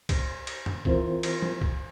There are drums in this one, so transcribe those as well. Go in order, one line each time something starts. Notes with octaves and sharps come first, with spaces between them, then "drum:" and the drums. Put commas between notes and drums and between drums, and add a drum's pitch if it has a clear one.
drum: kick, cymbal
drum: cymbal
drum: tom F2
E3 C4 E4 F4 A#4 C5, drum: kick
drum: cymbal
drum: tom E3
drum: kick